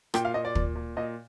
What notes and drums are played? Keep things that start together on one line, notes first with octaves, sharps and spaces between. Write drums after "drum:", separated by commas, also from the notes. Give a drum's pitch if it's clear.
A#2 G5, drum: rim click
F5
A#2 D#5
D5
A#2, drum: kick
A#2
A#2 D#5